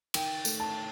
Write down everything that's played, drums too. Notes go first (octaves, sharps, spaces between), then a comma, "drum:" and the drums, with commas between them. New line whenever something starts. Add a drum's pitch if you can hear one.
D#3 G5, drum: cymbal
A3, drum: tambourine
A5